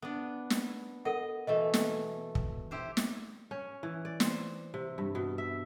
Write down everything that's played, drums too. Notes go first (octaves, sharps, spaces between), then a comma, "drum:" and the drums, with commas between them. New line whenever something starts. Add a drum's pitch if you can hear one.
B3 D4
drum: snare
A4 A#4 D#5 F#5
B2 E3 A3 D#5
drum: snare
drum: kick
E4 G4 C5
drum: snare
C#4
E3
D5
C5, drum: snare
C3
G2
B2
E5